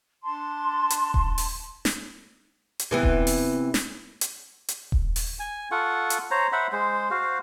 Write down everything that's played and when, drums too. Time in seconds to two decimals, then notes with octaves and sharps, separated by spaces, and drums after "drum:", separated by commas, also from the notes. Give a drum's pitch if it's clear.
0.23 D4 A5 C6
0.90 drum: hi-hat
1.14 drum: kick D#1
1.38 drum: open hi-hat
1.85 drum: snare
2.79 drum: hi-hat
2.91 C3 E3 B3
3.03 drum: kick D#1
3.27 drum: open hi-hat
3.74 drum: snare
4.21 drum: hi-hat
4.69 drum: hi-hat
4.92 drum: kick D#1
5.16 drum: open hi-hat
5.39 G#5
5.71 F4 A4 F#5 C#6
6.10 drum: hi-hat
6.31 C5 C#5 A#5
6.52 C5 E5 F#5 B5
6.72 G#3 C5
7.10 F#4 C5 F5